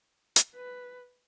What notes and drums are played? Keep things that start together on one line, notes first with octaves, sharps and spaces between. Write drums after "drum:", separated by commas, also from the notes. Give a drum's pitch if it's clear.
drum: hi-hat
B4